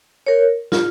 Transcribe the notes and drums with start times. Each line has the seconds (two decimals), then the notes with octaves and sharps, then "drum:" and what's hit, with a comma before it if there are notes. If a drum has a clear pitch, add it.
0.27 A#4 C#5
0.72 F4, drum: snare